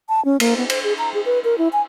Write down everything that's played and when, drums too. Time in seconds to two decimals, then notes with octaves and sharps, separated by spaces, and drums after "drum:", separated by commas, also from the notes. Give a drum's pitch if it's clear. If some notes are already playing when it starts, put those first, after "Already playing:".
0.09 A5
0.25 C#4
0.40 A#3, drum: cymbal
0.57 B3
0.70 C5, drum: cymbal
0.84 G#4
0.98 A#5
1.14 G#4
1.26 B4
1.44 A#4
1.58 E4
1.73 G#5